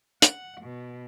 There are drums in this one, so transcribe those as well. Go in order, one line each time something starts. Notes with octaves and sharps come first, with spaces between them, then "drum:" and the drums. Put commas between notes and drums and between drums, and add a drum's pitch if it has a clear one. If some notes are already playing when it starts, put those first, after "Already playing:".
F#5, drum: hi-hat
B2